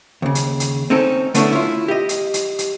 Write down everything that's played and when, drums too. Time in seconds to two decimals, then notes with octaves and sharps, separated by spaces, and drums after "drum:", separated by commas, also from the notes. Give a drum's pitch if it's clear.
0.22 D#2 C#3
0.35 drum: hi-hat
0.60 drum: hi-hat
0.90 C4 C#4 D#4 A4
1.34 D3 A3 B3 C#4 D4 E4, drum: hi-hat
1.53 E4 F4
1.88 G4 D#5
2.09 drum: hi-hat
2.34 drum: hi-hat
2.59 drum: hi-hat